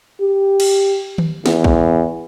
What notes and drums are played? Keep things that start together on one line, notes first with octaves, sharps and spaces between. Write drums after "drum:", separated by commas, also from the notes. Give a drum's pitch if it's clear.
G4
drum: cymbal
drum: tom D#3
E2, drum: snare
drum: kick